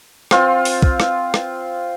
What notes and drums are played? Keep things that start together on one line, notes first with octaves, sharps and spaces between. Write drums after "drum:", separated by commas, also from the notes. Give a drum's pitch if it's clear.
C4 F4, drum: rim click
drum: open hi-hat
drum: kick
drum: rim click
drum: rim click